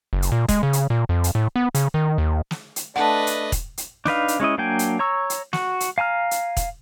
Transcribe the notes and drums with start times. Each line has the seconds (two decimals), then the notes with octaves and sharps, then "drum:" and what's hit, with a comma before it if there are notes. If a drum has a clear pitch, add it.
0.13 F#1
0.22 drum: hi-hat
0.32 A#2
0.49 G#3, drum: kick E1, hi-hat
0.63 C#3
0.73 drum: hi-hat
0.90 A#2
1.09 F2
1.24 drum: hi-hat
1.35 A2
1.56 B3
1.75 C#3, drum: hi-hat
1.94 D#3
2.18 D#2
2.51 drum: snare
2.76 drum: hi-hat
2.96 A3 D4 A4 B4 D#5 F#5 A5
3.27 drum: hi-hat
3.52 drum: kick E1, hi-hat
3.78 drum: hi-hat
4.05 D4 D#4 B4 F5, drum: snare
4.28 drum: hi-hat
4.40 G#3 C#4 E4 D#5
4.58 F#3 A#3 D4 G5 G#5
4.79 drum: hi-hat
4.99 C#5 A#5 C#6 E6
5.30 drum: hi-hat
5.53 F#4, drum: snare
5.80 drum: hi-hat
5.98 F5 G#5 A#5 F6
6.31 drum: hi-hat
6.57 drum: kick E1, hi-hat